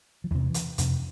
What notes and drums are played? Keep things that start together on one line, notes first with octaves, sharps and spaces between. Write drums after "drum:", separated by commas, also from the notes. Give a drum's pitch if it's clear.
F3
E2 C3 E3
drum: hi-hat
F2 C3, drum: hi-hat